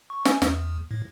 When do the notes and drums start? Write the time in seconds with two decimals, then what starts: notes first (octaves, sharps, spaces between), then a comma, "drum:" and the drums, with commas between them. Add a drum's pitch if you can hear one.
0.10 C#6
0.25 G#5, drum: snare
0.42 E2, drum: snare
0.91 A2